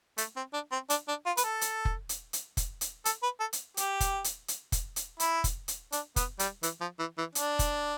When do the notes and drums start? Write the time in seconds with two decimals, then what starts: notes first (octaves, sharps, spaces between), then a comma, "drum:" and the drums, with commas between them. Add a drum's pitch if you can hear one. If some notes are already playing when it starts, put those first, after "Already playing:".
0.18 A3, drum: hi-hat
0.36 C4
0.54 D4
0.72 C4
0.90 D4, drum: hi-hat
1.08 D4
1.26 F4
1.37 B4, drum: hi-hat
1.44 A4
1.61 drum: hi-hat
1.85 drum: kick F1
2.09 drum: hi-hat
2.33 drum: hi-hat
2.57 drum: kick F1, hi-hat
2.81 drum: hi-hat
3.05 A4, drum: hi-hat
3.23 B4
3.40 A4
3.53 drum: hi-hat
3.77 G4, drum: hi-hat
4.00 drum: kick F1, hi-hat
4.24 drum: hi-hat
4.48 drum: hi-hat
4.72 drum: kick F1, hi-hat
4.96 drum: hi-hat
5.20 E4, drum: hi-hat
5.44 drum: kick F1, hi-hat
5.68 drum: hi-hat
5.92 D4, drum: hi-hat
6.16 B3, drum: kick F1, hi-hat
6.39 G3, drum: hi-hat
6.63 E3, drum: hi-hat
6.81 F3
6.99 E3
7.18 E3
7.35 D4, drum: hi-hat
7.59 drum: kick F1, hi-hat